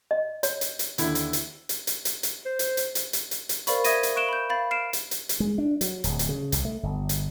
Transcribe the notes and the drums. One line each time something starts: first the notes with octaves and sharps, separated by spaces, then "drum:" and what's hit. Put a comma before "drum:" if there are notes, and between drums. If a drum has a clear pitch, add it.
D#5
C#5, drum: hi-hat
drum: hi-hat
drum: hi-hat
D#2 D3 E4, drum: hi-hat
drum: hi-hat
drum: hi-hat
drum: hi-hat
drum: hi-hat
drum: hi-hat
drum: hi-hat
C5
drum: hi-hat
drum: hi-hat
drum: hi-hat
drum: hi-hat
drum: hi-hat
drum: hi-hat
A#4 C5 D5 F5 B5 C#6, drum: hi-hat
E5 D#6 G#6 A#6 D#7, drum: hi-hat
drum: hi-hat
F5 C#6 F#6 D7 E7 G7
B5 G6
F5 B5 A6
F6 C7 D7 E7
drum: hi-hat
drum: hi-hat
drum: hi-hat
G#3
D4
F#3, drum: hi-hat
D1, drum: hi-hat
drum: hi-hat
C#3
C2, drum: hi-hat
A3
G1
drum: hi-hat